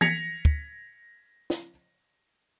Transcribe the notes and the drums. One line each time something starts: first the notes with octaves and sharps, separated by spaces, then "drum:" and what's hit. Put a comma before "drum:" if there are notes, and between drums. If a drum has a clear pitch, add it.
G#6 A#6 B6 C#7 F7, drum: tom E3
drum: kick
drum: snare